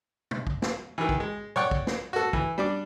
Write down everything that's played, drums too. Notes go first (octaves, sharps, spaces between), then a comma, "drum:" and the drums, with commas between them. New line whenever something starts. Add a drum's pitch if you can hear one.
drum: tom
drum: kick
drum: snare
D#3 E3
drum: kick
G#3
C#5 D5 F#5 G5 C#6, drum: tom A#2
drum: kick
drum: snare
F#4 A4
E3, drum: kick
G3 D4 D6